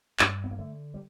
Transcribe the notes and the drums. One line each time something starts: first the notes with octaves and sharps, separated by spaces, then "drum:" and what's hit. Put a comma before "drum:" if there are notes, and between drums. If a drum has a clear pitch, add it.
G2, drum: clap
B3
A#3
D3 A3
G3